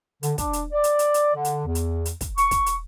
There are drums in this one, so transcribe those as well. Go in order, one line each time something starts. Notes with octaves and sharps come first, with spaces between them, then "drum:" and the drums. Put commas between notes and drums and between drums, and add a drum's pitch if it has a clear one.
D3, drum: hi-hat
D4, drum: kick, hi-hat
drum: hi-hat
D5
drum: hi-hat
drum: hi-hat
drum: hi-hat
D3
drum: hi-hat
E2
drum: hi-hat
drum: hi-hat
drum: kick, hi-hat
C#6, drum: hi-hat
drum: kick, hi-hat
drum: hi-hat